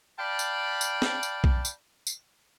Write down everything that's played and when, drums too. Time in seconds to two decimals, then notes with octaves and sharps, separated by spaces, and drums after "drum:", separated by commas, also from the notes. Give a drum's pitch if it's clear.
0.18 D5 F5 G5 A5 B5
0.39 drum: tambourine
0.81 drum: tambourine
1.02 drum: snare
1.23 drum: tambourine
1.44 drum: kick B1
1.65 drum: tambourine
2.07 drum: tambourine